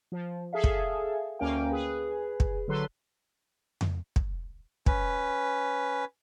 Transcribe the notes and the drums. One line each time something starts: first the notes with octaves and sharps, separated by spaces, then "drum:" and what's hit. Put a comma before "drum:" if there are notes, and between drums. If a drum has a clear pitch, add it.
F3
G#4 A4 E5 F5
drum: kick
D2 A#3 C#4 A#4 F5 G5
G#4 B4
drum: kick
D3 F#3 A4 B4 C6
drum: tom F2
drum: kick
C#4 B4, drum: kick